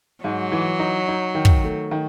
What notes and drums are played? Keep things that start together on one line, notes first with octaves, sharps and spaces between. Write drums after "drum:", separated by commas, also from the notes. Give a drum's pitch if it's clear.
G#2 F#3
E3
D#4
D#4
D#3
drum: kick
A3
D#3